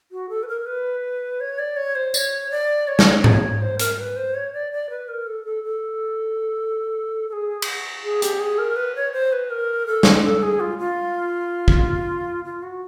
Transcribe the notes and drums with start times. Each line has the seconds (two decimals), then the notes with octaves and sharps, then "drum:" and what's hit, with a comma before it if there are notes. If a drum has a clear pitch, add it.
0.12 F#4
0.29 A4
0.43 B4
0.48 A#4
0.66 B4
1.40 C#5
1.59 D5
1.77 C#5
1.95 C5
2.14 D5, drum: tambourine
2.17 C#5
2.51 D5
2.88 C#5
2.99 D5, drum: snare
3.10 C#5
3.24 drum: tom G#2
3.62 C5
3.79 A#4, drum: hi-hat
3.98 B4
4.16 C5
4.34 C#5
4.53 D5
4.72 D5
4.90 B4
5.08 A#4
5.27 A4
5.45 A4
5.64 A4
7.29 A4
7.33 G#4
7.62 drum: cymbal
8.03 G#4
8.22 G4, drum: hi-hat
8.40 G#4
8.58 A#4
8.76 B4
8.95 C#5
9.13 C5
9.32 B4
9.50 A#4
9.87 A4
10.03 drum: snare
10.24 A4
10.43 G#4
10.60 F4
10.79 F4
11.68 drum: kick
12.45 F4
12.63 F#4